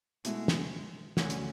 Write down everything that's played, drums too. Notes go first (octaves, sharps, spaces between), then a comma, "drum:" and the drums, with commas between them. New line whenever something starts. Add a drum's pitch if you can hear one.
B2 G#3 A3 E4, drum: hi-hat
drum: snare
D2 D3 F#3 C#4, drum: snare
drum: hi-hat